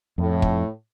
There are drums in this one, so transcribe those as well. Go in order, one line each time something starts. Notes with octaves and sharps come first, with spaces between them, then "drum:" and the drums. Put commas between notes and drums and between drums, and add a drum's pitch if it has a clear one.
F2 A2
drum: kick